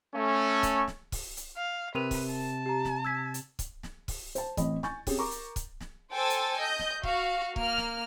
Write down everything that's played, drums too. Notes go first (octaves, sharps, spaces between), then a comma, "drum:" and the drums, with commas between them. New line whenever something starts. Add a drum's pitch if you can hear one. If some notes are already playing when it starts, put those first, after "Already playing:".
A3 C#4
drum: kick, hi-hat
drum: snare
drum: kick, open hi-hat
drum: hi-hat
F5
C3 A#4 B4 D#7 F7
drum: kick, open hi-hat
A5
G4 A#5
drum: snare
E6 G#6 B6
drum: hi-hat
drum: kick, hi-hat
drum: snare
drum: kick, open hi-hat
C5 A5, drum: hi-hat
A1 C4 D#5 B5, drum: kick, hi-hat
G#5 C#6 G6 A6, drum: snare
C4 C#4 G4 G#4, drum: kick, open hi-hat
A#4 A#5 C#6 D6
drum: hi-hat
drum: kick, hi-hat
drum: snare
A4 C5 G5 G#5 E6 A6
drum: hi-hat
D#5 G6
drum: snare
F#4 F5, drum: kick
A#3 F6, drum: kick
drum: snare